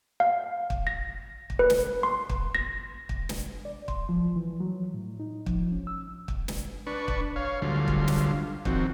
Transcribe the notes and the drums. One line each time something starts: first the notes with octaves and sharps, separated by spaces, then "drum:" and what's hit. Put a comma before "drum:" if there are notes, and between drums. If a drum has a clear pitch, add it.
F5
drum: kick
A#6
drum: kick
B4
drum: snare
C6
drum: kick
A#6
drum: kick
drum: snare
D5
C6, drum: kick
F3
E3
F#3
A2
D#4
F3, drum: kick
C#4
E6
drum: kick
drum: snare
D4 B4 C#6
drum: kick
C#5 F5
D2 D3 F#3 G3 F4 F5
drum: kick
drum: snare
D#3 F3 C4 F#4, drum: kick